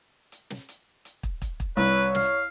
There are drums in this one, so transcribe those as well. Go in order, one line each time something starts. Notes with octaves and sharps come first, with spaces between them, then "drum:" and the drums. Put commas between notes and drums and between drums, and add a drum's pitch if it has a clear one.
drum: hi-hat
drum: snare
drum: hi-hat
drum: hi-hat
drum: kick
drum: kick, hi-hat
drum: kick
C2 B4 C#5, drum: hi-hat
F5, drum: snare